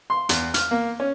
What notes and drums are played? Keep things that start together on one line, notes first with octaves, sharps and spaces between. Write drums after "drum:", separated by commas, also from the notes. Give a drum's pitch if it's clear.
C6
E2, drum: hi-hat
F6, drum: hi-hat
A#3
C#4